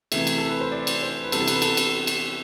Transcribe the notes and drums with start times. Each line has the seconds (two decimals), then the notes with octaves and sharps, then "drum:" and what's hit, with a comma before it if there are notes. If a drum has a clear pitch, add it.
0.12 C3 E3 A3 E5, drum: cymbal
0.27 drum: cymbal
0.38 A4
0.49 B4
0.61 C5
0.72 D5
0.87 drum: cymbal
1.02 C5
1.23 B4
1.32 C3 E3 G3 B3 A4, drum: cymbal
1.48 B4, drum: cymbal
1.62 A4, drum: cymbal
1.77 drum: cymbal
2.07 drum: cymbal